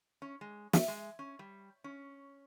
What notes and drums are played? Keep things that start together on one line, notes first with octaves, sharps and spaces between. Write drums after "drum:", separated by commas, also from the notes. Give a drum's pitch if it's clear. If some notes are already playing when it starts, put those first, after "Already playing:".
C#4
G#3
E5, drum: snare
G#3
C#4
G3
C#4